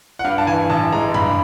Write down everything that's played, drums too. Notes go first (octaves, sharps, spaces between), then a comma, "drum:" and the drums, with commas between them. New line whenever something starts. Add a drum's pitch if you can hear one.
F#5
G2 F5
A5
E3 G#5
A1 A5
G#3 A#5
G2 B5, drum: tom